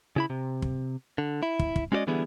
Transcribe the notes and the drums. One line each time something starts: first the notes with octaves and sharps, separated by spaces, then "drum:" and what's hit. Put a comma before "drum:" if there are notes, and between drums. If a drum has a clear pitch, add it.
C#3 E4 B5
C3
drum: kick
D3
E4
drum: kick
drum: kick
G#3 C#4 F#4 G4 D5 D#5
D3 E3 G3 B3 E4 G#4